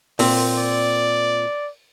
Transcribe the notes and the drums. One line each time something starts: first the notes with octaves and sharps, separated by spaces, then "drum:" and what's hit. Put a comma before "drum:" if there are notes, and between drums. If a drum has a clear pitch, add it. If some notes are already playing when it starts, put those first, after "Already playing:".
A#2 C4, drum: open hi-hat
D5